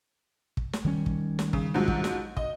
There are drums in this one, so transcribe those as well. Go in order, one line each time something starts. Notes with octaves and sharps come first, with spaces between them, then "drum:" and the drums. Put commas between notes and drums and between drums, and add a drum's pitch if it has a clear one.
drum: kick
drum: snare
D#3 G3 C#4
drum: kick
drum: snare
C#3, drum: kick
G#2 F3 F#3
drum: kick
drum: snare
D#5, drum: kick